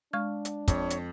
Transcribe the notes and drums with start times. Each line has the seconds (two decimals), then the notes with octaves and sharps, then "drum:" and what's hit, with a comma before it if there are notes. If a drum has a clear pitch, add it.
0.13 G#3 D4 C#6 F6
0.45 drum: hi-hat
0.68 F2 C#5, drum: kick, hi-hat
0.90 drum: hi-hat